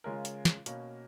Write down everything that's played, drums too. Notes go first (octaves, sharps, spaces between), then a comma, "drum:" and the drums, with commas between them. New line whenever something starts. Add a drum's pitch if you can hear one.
C#3 G#3 C#4 F4 A#4
drum: hi-hat
drum: snare
B2 A#3 C#4, drum: hi-hat